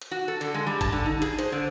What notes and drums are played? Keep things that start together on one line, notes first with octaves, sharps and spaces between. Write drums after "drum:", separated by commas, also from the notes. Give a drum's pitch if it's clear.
drum: hi-hat
F#4
A4
D3, drum: hi-hat
G#3
G3
A5, drum: kick, hi-hat
D3
D#4
G#4, drum: hi-hat
C5, drum: hi-hat
D3